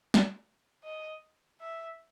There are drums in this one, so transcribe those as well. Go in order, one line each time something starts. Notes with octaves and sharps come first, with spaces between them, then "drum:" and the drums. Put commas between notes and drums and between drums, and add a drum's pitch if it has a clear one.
drum: snare
D#5
E5